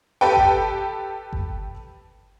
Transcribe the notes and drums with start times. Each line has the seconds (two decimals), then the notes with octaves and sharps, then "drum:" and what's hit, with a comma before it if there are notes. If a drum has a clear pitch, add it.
0.21 G4 A4 B4 G5
0.37 drum: kick G1
1.33 drum: kick G1